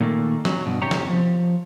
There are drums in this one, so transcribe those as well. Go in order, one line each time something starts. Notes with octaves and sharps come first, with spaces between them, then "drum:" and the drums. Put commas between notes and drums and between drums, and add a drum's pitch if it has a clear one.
A#2 D#3 A3 A#3
F#3, drum: snare
G2 B2
E2 C3 G4 C#5 A#5
drum: snare
F3